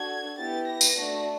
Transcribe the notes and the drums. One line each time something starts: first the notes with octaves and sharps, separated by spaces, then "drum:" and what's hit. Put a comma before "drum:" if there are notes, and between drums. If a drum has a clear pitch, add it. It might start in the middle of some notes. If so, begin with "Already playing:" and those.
Already playing: D4 F#4 A4 G#6
B3 E4 G4 A6
A#6
drum: tambourine
A3 D4 F#4